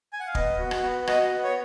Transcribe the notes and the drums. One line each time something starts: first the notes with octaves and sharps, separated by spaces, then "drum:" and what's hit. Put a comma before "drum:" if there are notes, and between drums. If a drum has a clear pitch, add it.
G#5
F#5
F5
B3 D#5, drum: kick
F#4
drum: rim click
B3
F#4 D#5, drum: rim click
B3
C#5